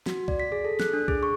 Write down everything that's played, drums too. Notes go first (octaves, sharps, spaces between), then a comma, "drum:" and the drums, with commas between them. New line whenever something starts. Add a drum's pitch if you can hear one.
F#4, drum: snare
D5, drum: kick
B6
G#4
A4
F#6, drum: snare
D4
G#4, drum: kick
C#6